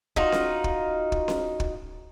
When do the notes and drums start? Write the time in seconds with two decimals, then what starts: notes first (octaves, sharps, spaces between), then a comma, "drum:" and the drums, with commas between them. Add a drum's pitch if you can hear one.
0.16 D#4 F4 F#4, drum: kick
0.32 drum: snare C#4
0.64 drum: kick
1.12 drum: kick
1.28 drum: snare C#4
1.60 drum: kick